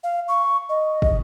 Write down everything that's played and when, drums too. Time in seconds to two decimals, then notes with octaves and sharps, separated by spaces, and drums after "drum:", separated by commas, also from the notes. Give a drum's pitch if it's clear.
0.04 F5
0.28 C#6
0.69 D#5
1.02 D#5, drum: kick